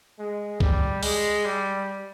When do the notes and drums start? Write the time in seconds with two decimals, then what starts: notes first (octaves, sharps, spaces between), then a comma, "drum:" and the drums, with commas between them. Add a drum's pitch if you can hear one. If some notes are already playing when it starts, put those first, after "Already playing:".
0.19 G#3
0.60 G3, drum: kick C#2
1.03 G#3, drum: open hi-hat
1.45 G3